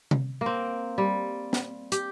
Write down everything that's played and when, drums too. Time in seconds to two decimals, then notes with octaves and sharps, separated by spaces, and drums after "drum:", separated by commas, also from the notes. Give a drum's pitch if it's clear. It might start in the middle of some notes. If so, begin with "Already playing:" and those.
0.11 drum: tom C3
0.41 A#3
0.46 C4
0.98 G3
1.53 drum: snare
1.92 G4, drum: hi-hat